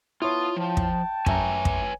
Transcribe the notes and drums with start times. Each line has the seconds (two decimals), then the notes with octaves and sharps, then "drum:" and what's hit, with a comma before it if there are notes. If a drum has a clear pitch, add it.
0.22 B3 E4 F4 C#5 A5 D#6
0.56 F3 G5 A5
0.77 drum: kick
1.26 F#2 B4 C#5 E5 G#5 A#5, drum: kick
1.65 drum: kick